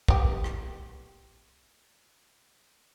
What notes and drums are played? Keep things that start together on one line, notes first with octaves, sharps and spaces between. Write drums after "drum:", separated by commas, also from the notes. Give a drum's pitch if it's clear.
B3 G4, drum: kick
drum: rim click